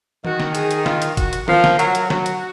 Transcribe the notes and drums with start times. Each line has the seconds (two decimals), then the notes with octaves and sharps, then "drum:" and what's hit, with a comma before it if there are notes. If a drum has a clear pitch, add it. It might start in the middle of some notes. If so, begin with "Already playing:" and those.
0.25 D#3 F#4, drum: tom E3
0.40 drum: snare
0.55 G#4, drum: hi-hat
0.71 drum: hi-hat
0.86 F4, drum: snare
1.02 drum: hi-hat
1.17 F#4, drum: kick, hi-hat
1.33 drum: hi-hat
1.48 F3 A#4, drum: tom D#3
1.64 drum: snare
1.79 F#3, drum: hi-hat
1.95 drum: hi-hat
2.10 F#3 F#4, drum: snare
2.26 drum: hi-hat